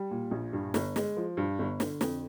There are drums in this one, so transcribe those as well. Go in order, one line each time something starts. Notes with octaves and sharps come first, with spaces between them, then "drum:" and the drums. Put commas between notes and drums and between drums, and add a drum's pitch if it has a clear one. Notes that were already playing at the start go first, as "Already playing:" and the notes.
Already playing: G3
A#2
A#1
G2
G1, drum: snare
G#3, drum: snare
F3
G2
G1
D3, drum: snare
F2, drum: snare